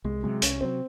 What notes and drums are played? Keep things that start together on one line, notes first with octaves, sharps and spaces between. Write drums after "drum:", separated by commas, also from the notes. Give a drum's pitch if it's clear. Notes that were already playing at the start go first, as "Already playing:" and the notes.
C2 G#3
C3 F#3 G#3
C2 C#4, drum: hi-hat
C3 F#3 C4